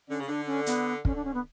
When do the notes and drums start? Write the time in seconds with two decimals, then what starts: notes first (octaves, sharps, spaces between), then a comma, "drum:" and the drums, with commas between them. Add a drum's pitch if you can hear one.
0.08 D3 C#4
0.19 C#3
0.27 D3 D4
0.46 C#4
0.66 B3, drum: hi-hat
1.05 D3 C#4, drum: kick
1.15 D4
1.24 C#4
1.34 B3